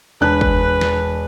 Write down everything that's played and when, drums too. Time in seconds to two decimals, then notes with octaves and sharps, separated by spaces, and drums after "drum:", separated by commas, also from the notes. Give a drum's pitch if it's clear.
0.21 E1 D4 B4 F#6
0.41 drum: kick
0.81 drum: snare